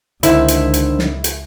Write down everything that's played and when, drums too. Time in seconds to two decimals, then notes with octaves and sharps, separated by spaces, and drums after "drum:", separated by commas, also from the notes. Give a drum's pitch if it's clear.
0.23 C#2 D3 D#3 D4 E4 C5 E6, drum: hi-hat
0.48 drum: hi-hat
0.74 drum: hi-hat
0.99 drum: snare
1.24 drum: hi-hat